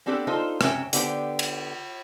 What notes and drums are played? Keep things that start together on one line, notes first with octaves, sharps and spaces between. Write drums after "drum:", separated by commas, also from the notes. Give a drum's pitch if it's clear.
B3 C4 D4 G4 A4 B4
D#4 F4 A4 C5
C3 C#4 E5 G5, drum: rim click
D3 B3 G4 C5 G5, drum: hi-hat
drum: cymbal